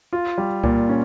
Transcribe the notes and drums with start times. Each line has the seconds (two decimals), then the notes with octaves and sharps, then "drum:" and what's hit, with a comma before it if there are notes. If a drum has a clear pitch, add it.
0.13 F4
0.38 G3
0.64 A#2, drum: kick C2
0.89 C#4